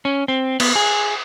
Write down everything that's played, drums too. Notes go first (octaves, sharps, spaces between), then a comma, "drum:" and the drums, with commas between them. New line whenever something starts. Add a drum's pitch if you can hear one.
C#4
C4
B3, drum: cymbal
G#4